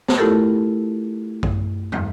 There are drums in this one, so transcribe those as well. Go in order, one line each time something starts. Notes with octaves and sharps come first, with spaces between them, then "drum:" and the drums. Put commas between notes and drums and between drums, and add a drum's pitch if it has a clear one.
drum: snare
A3 E4 F4 G4 A4 A#4
drum: kick
drum: tom